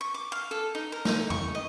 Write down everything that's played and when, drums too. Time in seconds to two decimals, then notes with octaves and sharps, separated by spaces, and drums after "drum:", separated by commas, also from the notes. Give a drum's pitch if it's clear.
0.01 C#6
0.14 D6
0.32 F5
0.51 A4
0.75 D#4
0.92 A#4
1.05 D#4, drum: snare
1.30 C#6, drum: tom F2
1.55 D#5